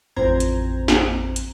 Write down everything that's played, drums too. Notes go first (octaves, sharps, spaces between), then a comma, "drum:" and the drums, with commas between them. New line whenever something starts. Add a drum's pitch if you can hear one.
A1 F2 C4 C5 A#5 G#6
drum: hi-hat
drum: snare
drum: hi-hat